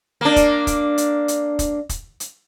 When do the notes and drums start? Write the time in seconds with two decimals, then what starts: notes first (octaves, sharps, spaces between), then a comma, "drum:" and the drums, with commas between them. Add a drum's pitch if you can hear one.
0.21 A#3 D4
0.36 drum: kick, hi-hat
0.67 drum: kick, hi-hat
0.98 drum: hi-hat
1.28 drum: hi-hat
1.59 drum: kick, hi-hat
1.89 drum: kick, hi-hat
2.20 drum: hi-hat